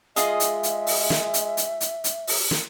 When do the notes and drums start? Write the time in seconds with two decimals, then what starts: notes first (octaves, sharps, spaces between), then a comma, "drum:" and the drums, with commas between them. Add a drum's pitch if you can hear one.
0.16 G#3 F4 G#4 D#5 E5, drum: hi-hat
0.40 drum: hi-hat
0.63 drum: hi-hat
0.87 drum: open hi-hat
1.10 drum: snare
1.34 drum: hi-hat
1.57 drum: hi-hat
1.81 drum: hi-hat
2.04 drum: hi-hat
2.27 drum: open hi-hat
2.51 drum: snare